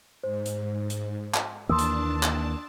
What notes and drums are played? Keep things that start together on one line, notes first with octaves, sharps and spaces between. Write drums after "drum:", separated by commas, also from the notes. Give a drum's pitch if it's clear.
G#2 C5
drum: hi-hat
drum: hi-hat
drum: clap
D#2 E3 A#3 D4 A5 C6 D#6 E6
drum: hi-hat
drum: clap